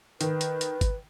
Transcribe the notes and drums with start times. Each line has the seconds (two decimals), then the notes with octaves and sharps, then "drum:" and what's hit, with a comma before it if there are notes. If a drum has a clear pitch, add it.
0.21 D#3 B4, drum: hi-hat
0.41 drum: hi-hat
0.61 drum: hi-hat
0.81 drum: kick, hi-hat